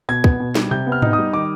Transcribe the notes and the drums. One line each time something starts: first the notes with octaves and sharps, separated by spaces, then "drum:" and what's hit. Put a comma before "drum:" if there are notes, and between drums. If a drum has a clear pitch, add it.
B2 G#6
B3, drum: kick
B2
G3, drum: snare
C3 G6
B3
F6
D#4, drum: tom G#2
D#6
G3
D#3 D6